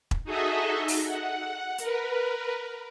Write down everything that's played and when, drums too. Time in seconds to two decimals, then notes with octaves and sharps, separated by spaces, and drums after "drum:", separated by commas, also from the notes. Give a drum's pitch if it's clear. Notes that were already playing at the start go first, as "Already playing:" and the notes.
0.11 drum: kick E1
0.24 D#4 F#4 G#4 A4 D#5 E5
0.88 drum: open hi-hat
1.05 F#5
1.78 A#4 B4, drum: hi-hat